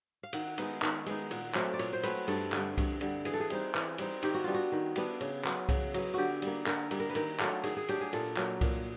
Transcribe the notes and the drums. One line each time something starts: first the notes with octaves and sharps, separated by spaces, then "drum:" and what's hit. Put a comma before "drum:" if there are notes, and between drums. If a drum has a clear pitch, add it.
F5
D#3 F#5, drum: cymbal
G#3 B3 D#4, drum: cymbal
D#3, drum: clap
G#3 B3 D#4, drum: cymbal
A#2 F#5, drum: cymbal
F#3 A3 C4 E5, drum: clap
D5
A#2 C#5, drum: cymbal
C5
F#3 A3 C4 B4, drum: cymbal
G2 A4, drum: cymbal
D3 G3, drum: clap
G2, drum: kick C2, cymbal
D3 G3, drum: cymbal
E3 G#4, drum: cymbal
A4
G#4
G3 C4 D#4, drum: cymbal
E3, drum: clap
G3 C4 D#4, drum: cymbal
D#3 G4, drum: cymbal
F#4
G3 B3 D4 F4
F#4
D#3
G3 B3 D4, drum: cymbal
C#3, drum: cymbal
F#3 B3, drum: clap
C#3, drum: kick C2, cymbal
F#3 B3, drum: cymbal
D3 F#4 G4
G3 A#3, drum: cymbal
D3 A#4, drum: clap
G3 A#3, drum: cymbal
A#4
B4
D#3 A#4, drum: cymbal
F#3 A3 D4 A4, drum: clap
D#3 G#4, drum: cymbal
G#4
F#3 A3 D4 G4, drum: cymbal
G#4
A#2 A4, drum: cymbal
F#3 A#3, drum: clap
A#2, drum: kick C2, cymbal